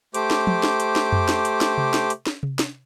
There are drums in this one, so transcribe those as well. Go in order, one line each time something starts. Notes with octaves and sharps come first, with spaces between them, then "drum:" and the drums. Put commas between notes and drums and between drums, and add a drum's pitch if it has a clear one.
A3 G4 C5 D6, drum: hi-hat
drum: snare
drum: tom
drum: snare
drum: hi-hat
drum: snare
drum: tom F2
drum: snare
drum: hi-hat
drum: snare
drum: tom C3
drum: snare
drum: hi-hat
drum: snare
drum: tom C3
drum: snare